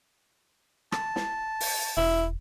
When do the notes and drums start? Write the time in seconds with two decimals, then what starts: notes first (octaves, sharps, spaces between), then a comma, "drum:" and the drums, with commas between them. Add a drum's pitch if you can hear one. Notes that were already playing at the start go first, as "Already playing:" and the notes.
0.92 A5, drum: rim click
1.16 drum: snare
1.60 drum: open hi-hat
1.97 E1 E4